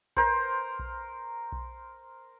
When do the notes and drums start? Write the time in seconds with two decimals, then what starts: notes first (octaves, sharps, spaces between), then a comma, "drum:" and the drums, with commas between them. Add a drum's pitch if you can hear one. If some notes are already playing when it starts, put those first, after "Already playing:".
0.17 A#4 C5, drum: kick B1
0.79 drum: kick B1
1.52 drum: kick B1